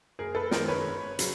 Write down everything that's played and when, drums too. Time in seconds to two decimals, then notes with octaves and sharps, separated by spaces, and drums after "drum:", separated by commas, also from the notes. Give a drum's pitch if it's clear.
0.19 F#1 G#4 A#4
0.35 A4 B4
0.51 F#2 D#3 G#3 A#4 C5, drum: snare
0.68 B4 C#5
0.86 G1
1.19 C#3 F#3, drum: hi-hat